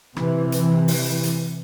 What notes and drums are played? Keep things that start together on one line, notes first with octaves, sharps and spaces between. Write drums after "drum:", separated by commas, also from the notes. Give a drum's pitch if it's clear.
C3 E3, drum: rim click
drum: hi-hat
drum: open hi-hat
drum: hi-hat